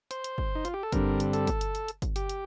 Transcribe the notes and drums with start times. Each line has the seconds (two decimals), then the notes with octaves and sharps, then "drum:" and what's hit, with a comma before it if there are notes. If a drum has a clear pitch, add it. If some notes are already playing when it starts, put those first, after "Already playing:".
0.11 C5, drum: hi-hat
0.24 drum: hi-hat
0.38 drum: kick
0.55 D#4
0.65 F4, drum: hi-hat
0.74 G4
0.83 A4
0.92 G2 D3 G3 C4 A#4, drum: kick, hi-hat
1.20 drum: hi-hat
1.33 A4, drum: hi-hat
1.47 drum: kick, hi-hat
1.61 drum: hi-hat
1.75 drum: hi-hat
1.88 drum: hi-hat
2.02 drum: kick, hi-hat
2.16 G4, drum: hi-hat
2.29 drum: hi-hat